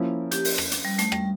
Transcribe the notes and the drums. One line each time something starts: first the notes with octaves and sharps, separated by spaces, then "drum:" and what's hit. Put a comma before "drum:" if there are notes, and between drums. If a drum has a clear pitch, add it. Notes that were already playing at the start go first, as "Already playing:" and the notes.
Already playing: F3 A#3 C#4 E4
G4, drum: hi-hat
drum: open hi-hat
drum: rim click
drum: hi-hat
G3
A3, drum: hi-hat
G3, drum: rim click